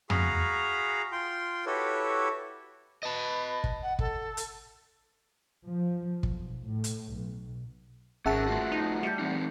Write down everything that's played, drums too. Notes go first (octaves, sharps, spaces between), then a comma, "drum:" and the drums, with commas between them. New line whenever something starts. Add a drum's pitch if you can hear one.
F#4 G#4 F5 A#5 B5, drum: tom
F4 G5 C6
E4 F#4 G4 A4 B4 C#5
B4 D#5 A5
drum: kick
F#5
A4, drum: kick
drum: hi-hat
F3
B1, drum: kick
A2
drum: hi-hat
B1
G#1 C#4 G#4 A#4 E5 F#5 A5
A3 F4 F#4
D#4
G3 G6 C#7
E3 C4 D#4